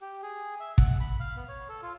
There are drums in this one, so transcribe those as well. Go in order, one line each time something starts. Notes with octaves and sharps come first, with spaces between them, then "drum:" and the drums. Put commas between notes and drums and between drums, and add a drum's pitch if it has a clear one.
G4
G#4
E5
F#5, drum: kick
B5
F5
B3
C#5
A4
F4